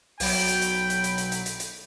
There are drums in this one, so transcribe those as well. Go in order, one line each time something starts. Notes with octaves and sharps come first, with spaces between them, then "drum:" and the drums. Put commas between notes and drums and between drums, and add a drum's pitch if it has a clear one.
B1 F#3 G5 B5, drum: open hi-hat
drum: hi-hat
drum: hi-hat
drum: hi-hat
drum: hi-hat
drum: hi-hat
drum: hi-hat
drum: hi-hat
drum: hi-hat